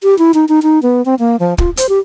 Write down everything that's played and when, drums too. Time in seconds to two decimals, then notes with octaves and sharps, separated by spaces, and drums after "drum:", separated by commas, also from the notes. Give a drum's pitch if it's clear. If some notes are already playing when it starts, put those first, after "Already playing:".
0.03 G4
0.19 E4
0.34 D#4
0.49 D#4
0.63 D#4
0.82 B3
1.06 C4
1.19 A#3
1.40 F3
1.58 F4, drum: kick
1.77 C5, drum: hi-hat
1.89 G4